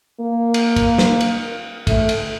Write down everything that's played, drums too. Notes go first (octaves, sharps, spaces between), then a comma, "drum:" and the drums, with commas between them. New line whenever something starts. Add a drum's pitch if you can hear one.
A#3
drum: cymbal
drum: kick, cymbal
drum: snare
drum: cymbal
A3, drum: kick, cymbal
drum: cymbal